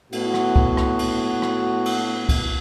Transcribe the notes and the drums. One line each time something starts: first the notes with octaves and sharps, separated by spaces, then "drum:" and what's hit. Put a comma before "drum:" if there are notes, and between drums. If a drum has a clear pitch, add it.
A2 B3 F#4, drum: cymbal
drum: rim click
drum: kick
drum: rim click
drum: cymbal
drum: rim click
drum: cymbal
drum: kick, cymbal